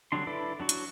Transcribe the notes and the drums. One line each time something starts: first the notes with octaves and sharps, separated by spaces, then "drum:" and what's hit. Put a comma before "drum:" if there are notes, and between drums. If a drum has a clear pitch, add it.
D3 F#3 G3 D4 C6
E4 A4 B4 D5
F#3 D4 F#4
drum: hi-hat